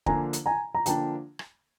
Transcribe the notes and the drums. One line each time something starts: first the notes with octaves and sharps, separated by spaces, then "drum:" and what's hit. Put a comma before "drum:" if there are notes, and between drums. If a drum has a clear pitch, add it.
D3 F3 A#3 D4 G#5 A#5, drum: kick
drum: hi-hat
G#5 A#5
A#5
D3 F3 A#3 D4 G5 A5, drum: hi-hat
drum: rim click